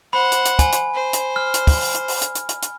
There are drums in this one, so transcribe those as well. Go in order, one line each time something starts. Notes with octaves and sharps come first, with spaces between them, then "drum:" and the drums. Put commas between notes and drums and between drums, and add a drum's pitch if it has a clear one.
C5 F#5 B5
drum: hi-hat
drum: hi-hat
G#5, drum: kick, hi-hat
drum: hi-hat
C5
drum: hi-hat
F6
drum: hi-hat
drum: kick, open hi-hat
drum: open hi-hat
drum: hi-hat
drum: open hi-hat
drum: hi-hat
drum: hi-hat
drum: hi-hat
drum: hi-hat